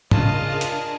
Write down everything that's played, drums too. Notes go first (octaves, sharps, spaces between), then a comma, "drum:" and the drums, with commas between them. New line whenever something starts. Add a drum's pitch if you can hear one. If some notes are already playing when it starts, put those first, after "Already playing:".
C#3 D4 F4 G#4 A#4 D#5 A5, drum: tom
drum: hi-hat